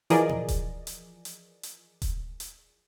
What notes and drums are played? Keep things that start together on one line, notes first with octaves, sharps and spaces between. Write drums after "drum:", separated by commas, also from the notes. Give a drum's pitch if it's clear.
E3 F3 G#4 A#4 D5 D#5, drum: hi-hat
drum: tom A#2
drum: kick D#1, hi-hat
drum: hi-hat
drum: hi-hat
drum: hi-hat
drum: kick D#1, hi-hat
drum: hi-hat